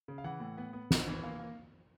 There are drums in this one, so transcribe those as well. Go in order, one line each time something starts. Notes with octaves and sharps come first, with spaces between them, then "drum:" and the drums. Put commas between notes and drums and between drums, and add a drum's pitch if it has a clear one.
C#3
F5
E3 F#5
A2
B3
B3
B3, drum: snare
E3
A#3 F5
A#3